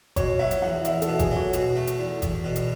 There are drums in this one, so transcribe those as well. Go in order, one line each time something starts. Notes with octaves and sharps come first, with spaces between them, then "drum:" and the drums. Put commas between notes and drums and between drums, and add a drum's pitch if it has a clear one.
B2 C#5, drum: kick G1, hi-hat
F#3 E5
drum: hi-hat
E2 F#5
E2 E5, drum: hi-hat
A4, drum: hi-hat
B2
G#4, drum: kick G1, hi-hat
F#3
F#4
B2, drum: hi-hat
A3
drum: hi-hat
E2
E2, drum: kick G1, hi-hat
B2
drum: hi-hat